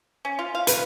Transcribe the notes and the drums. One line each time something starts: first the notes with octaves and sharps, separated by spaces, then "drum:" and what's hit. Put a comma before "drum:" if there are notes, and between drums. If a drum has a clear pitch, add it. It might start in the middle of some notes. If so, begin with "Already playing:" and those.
C#4
F4
F5
B4, drum: hi-hat